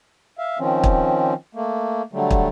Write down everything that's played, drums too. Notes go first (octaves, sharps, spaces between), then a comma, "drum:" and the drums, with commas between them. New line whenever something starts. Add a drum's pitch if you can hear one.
E5 F5
D#3 F3 C4 C#4
drum: kick
A3 A#3
D3 F#3 G3 A3
drum: kick